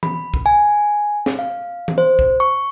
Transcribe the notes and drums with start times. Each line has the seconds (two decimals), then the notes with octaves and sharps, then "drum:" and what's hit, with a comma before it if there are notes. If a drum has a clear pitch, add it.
0.03 B5, drum: tom E3
0.34 drum: kick
0.46 G#5
1.26 drum: snare
1.39 F5
1.88 drum: tom E3
1.98 C5
2.19 drum: kick
2.40 C#6